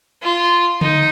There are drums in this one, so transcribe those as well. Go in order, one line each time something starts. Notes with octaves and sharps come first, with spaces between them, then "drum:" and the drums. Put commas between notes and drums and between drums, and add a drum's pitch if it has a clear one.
F4
D#4, drum: tom C#3